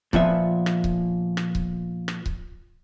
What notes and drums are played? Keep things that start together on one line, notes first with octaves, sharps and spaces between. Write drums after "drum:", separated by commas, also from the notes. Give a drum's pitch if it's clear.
A#2 F3 B3 E5, drum: kick C#1
drum: rim click
drum: kick C#1
drum: rim click
drum: kick C#1
drum: rim click
drum: kick C#1